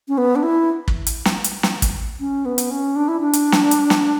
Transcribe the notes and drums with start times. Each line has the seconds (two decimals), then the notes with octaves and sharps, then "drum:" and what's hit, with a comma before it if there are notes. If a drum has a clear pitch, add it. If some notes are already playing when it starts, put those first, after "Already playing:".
0.08 C#4
0.18 B3
0.36 D4
0.43 E4
0.88 drum: kick
1.07 drum: hi-hat
1.25 drum: snare
1.44 drum: hi-hat
1.63 drum: snare
1.82 drum: kick, hi-hat
2.20 C#4
2.45 B3
2.58 drum: hi-hat
2.71 C#4
2.96 D4
3.08 E4
3.20 D4
3.33 drum: hi-hat
3.52 drum: snare
3.71 drum: hi-hat
3.90 drum: snare